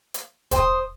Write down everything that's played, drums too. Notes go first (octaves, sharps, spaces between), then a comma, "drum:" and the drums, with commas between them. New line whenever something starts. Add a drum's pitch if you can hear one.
drum: hi-hat
C5 G5 C6 D#6, drum: kick, hi-hat